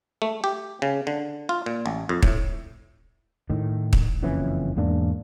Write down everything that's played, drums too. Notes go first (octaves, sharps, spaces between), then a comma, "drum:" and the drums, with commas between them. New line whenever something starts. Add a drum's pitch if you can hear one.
A3
G4
C#3
D3
F4
A#2
A1
F2
A2, drum: kick
A2 D#3
drum: kick
F#1 F2 E3 C#4
E2 G#2 A#3 D4